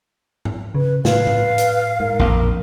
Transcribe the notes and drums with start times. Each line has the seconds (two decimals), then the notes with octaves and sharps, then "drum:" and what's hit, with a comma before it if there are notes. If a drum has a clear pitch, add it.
0.45 drum: tom G#2
0.75 C#3 B4
1.05 A2 B4 F5, drum: snare
1.27 drum: tom G#2
1.58 drum: hi-hat
2.00 G#2 A#4
2.19 A#1 F2